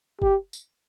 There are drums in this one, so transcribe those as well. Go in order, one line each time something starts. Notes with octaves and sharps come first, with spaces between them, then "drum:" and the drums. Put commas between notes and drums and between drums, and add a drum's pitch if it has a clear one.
G4, drum: kick F#1
drum: tambourine